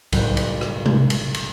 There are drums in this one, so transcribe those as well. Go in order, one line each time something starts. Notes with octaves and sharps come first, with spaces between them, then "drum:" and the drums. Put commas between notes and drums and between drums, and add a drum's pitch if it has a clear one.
F#1 B1 A2 G3 F#4, drum: kick C2, cymbal
drum: cymbal
drum: rim click
drum: tom C3
drum: cymbal
drum: cymbal